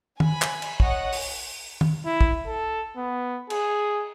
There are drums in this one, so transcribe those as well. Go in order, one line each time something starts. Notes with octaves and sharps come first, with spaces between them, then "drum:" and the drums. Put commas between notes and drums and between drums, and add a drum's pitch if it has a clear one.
G#5 B5, drum: tom
drum: clap
drum: cymbal
C#5 D#5 F#5, drum: kick
drum: open hi-hat
drum: tom
E4
drum: kick
A4
B3
G#4, drum: cymbal